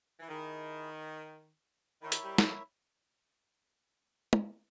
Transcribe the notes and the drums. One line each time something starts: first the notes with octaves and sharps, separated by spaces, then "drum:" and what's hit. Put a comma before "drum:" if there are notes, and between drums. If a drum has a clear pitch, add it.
E3
D#3 E4 G#4 D#5
D#3 E4 A#4 C#5 E5
drum: hi-hat
G3
drum: snare
drum: tom